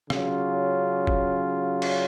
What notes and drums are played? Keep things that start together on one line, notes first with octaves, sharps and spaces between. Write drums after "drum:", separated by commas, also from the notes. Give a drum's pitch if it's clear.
C#3 F#3 C#4 F4, drum: rim click
drum: kick
drum: cymbal